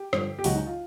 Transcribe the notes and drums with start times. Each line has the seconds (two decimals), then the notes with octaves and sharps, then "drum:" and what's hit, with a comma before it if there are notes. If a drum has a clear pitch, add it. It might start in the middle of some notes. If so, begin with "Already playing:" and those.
Already playing: G4
0.13 G2 D3 F3, drum: rim click
0.39 G4
0.44 C#2 C#3 F#3 F#4, drum: open hi-hat
0.55 D#4
0.67 F4